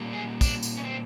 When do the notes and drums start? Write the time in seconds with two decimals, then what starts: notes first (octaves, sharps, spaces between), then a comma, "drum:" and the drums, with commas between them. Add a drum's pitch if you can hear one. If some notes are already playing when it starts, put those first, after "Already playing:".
Already playing: A#2 G3 A#3
0.13 G#4
0.41 D4, drum: kick, tambourine
0.63 drum: tambourine
0.77 C#4
0.84 C4